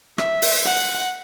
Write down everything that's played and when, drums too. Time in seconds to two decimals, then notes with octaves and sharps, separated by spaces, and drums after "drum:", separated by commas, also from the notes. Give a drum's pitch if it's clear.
0.18 E5, drum: rim click
0.42 drum: open hi-hat
0.66 F#5